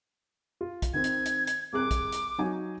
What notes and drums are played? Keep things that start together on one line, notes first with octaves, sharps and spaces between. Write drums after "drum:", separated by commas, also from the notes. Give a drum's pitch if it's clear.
F4
drum: kick, hi-hat
D#3 C4 G#6
drum: hi-hat
drum: hi-hat
drum: hi-hat
C2 G#4 D6 F#6
drum: kick, hi-hat
drum: hi-hat
F#3 D#4 G#5